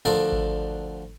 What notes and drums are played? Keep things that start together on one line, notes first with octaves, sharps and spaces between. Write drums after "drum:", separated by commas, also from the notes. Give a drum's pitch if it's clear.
D2 D3 F3 D4 A#4 D5
drum: kick G#1